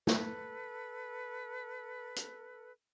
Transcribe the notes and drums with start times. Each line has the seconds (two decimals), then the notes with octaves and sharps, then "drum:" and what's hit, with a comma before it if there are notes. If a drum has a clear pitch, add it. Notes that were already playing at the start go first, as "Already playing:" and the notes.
0.07 A4 B4, drum: snare
2.16 drum: hi-hat